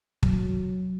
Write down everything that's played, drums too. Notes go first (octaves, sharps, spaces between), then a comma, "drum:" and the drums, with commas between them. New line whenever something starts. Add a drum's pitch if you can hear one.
F#3, drum: kick